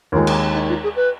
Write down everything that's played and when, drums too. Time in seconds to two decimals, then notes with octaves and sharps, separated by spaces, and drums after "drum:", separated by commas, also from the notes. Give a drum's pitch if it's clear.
0.12 D#2 D#3 G#3 F4
0.27 drum: cymbal
0.54 D#4
0.69 F4
0.83 G#4
0.96 B4